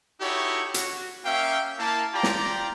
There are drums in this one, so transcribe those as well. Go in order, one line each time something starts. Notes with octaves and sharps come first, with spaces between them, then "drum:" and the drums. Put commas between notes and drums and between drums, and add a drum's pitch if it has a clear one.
D#4 E4 F#4 G4 A4 C#5
F#4, drum: hi-hat
A#3 C#4 E5 F5 G5
A#3 E4 A5
F4 G4 D5 G5 A#5
drum: snare